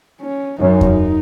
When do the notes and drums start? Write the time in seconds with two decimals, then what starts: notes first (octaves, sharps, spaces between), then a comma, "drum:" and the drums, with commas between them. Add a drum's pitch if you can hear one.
0.21 C#4
0.60 F#2 D#4
0.81 drum: kick E2